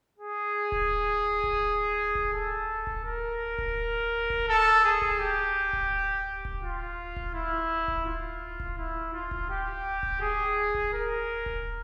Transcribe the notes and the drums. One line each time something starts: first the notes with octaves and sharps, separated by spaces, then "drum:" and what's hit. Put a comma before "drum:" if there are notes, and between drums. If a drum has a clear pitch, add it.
G#4
drum: kick D1
drum: kick D1
drum: kick D1
A4
drum: kick D1
A#4
drum: kick D1
drum: kick D1
A4
G#4
drum: kick D1
G4
drum: kick D1
drum: kick D1
F4
drum: kick D1
E4
drum: kick D1
F4
drum: kick D1
E4
F4
drum: kick D1
G4
drum: kick D1
G#4
drum: kick D1
A#4
drum: kick D1